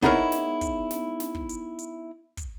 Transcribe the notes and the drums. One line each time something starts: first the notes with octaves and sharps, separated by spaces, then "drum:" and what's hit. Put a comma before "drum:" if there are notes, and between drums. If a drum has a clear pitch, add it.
B3 D#4 E4 G#4 A#4 C#5, drum: kick
drum: snare
drum: kick, hi-hat
drum: snare
drum: snare
drum: kick
drum: hi-hat
drum: hi-hat
drum: kick, hi-hat